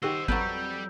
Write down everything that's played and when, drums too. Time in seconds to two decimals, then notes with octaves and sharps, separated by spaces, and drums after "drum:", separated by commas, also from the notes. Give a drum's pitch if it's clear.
0.03 D#3 F#4 G4 C5 D#5 E6
0.28 F2 F#3 G3 A4 B4 G6, drum: kick G#1